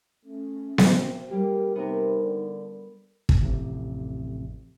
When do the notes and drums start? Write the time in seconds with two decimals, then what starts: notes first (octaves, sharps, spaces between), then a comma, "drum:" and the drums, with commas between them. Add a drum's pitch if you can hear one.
0.25 A3 C#4
0.78 drum: snare B3
0.92 C4
1.31 G3 A#3 G4 A#4
1.76 C3 B3 D#4 A#4
2.22 D3
3.29 drum: kick
3.41 A1 F2 C3